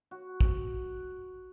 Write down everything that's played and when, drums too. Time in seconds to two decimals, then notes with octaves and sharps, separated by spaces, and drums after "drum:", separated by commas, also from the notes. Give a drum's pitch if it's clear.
0.11 F#4
0.41 drum: kick